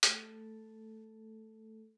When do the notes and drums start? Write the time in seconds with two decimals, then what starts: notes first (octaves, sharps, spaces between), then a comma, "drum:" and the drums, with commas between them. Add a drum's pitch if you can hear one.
0.03 A3 A4, drum: hi-hat